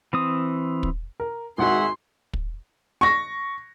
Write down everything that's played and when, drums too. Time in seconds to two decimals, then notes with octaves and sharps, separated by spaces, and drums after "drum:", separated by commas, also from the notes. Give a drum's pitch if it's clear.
0.13 E3 C4 D#6
0.83 drum: kick
1.20 A#4
1.58 G#1 G#2 F#4 G#4 E5 F#5 C6
2.34 drum: kick
3.01 C#6 A#6